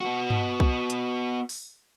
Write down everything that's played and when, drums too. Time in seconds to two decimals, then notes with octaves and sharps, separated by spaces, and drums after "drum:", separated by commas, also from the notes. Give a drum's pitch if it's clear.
0.01 B3 F#4
0.30 drum: tom G2
0.60 drum: kick C2
0.90 drum: hi-hat
1.49 drum: open hi-hat